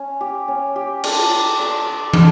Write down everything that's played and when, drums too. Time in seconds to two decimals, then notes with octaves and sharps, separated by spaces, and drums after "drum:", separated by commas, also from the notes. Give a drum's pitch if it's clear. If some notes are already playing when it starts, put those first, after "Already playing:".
Already playing: C#4
0.21 G4
0.48 C#4
0.76 G4
1.04 D4, drum: cymbal
1.30 D5
1.59 D4
1.86 D5
2.14 A4, drum: tom